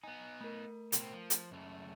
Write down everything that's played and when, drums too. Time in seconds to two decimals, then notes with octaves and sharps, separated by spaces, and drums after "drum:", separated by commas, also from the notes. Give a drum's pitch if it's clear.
0.03 B3 D#4 G#5
0.41 A3 A#4
0.92 B2 C4, drum: hi-hat
1.14 F3
1.30 drum: hi-hat
1.51 F#2 C#3 A3